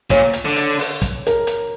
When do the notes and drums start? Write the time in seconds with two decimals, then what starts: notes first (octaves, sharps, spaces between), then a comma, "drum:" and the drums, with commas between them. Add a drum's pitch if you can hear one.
0.10 A#2 C#5, drum: kick, hi-hat
0.34 drum: hi-hat
0.45 D3
0.56 drum: hi-hat
0.79 drum: open hi-hat
1.02 drum: kick, hi-hat
1.27 A#4, drum: hi-hat
1.47 drum: hi-hat